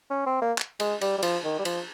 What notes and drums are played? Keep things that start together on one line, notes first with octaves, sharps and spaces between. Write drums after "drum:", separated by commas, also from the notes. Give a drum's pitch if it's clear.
C#4
C4
A#3
drum: clap
G#3, drum: cymbal
G3, drum: cymbal
G3
F3, drum: cymbal
D#3
G3
F3, drum: cymbal